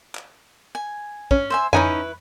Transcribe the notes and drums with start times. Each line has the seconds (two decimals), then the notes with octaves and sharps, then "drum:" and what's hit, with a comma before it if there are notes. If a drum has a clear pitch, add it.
0.15 drum: clap
0.75 G#5
1.31 C#4, drum: kick
1.50 C5 E5 G#5
1.73 C#4 D#4 E4 B4 G#5 C#6, drum: tom F2